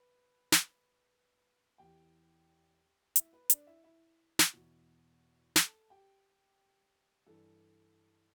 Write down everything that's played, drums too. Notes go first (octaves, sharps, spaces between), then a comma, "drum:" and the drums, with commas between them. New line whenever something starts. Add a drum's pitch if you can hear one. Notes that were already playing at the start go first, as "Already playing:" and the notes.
Already playing: B4
drum: snare
E2 E3 G4 G5
E4 E5, drum: hi-hat
B4
D4 D5, drum: hi-hat
E4 E5
E4 E5
drum: snare
E2 B2
A4 A5, drum: snare
G4 G5
G2 E3 A4